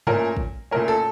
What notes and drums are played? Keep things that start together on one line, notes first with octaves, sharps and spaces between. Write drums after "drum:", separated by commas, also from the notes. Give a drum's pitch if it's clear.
A#2 A3 C#4 A#4, drum: tom G2
drum: kick
A#2 A3 C#4 A#4
A4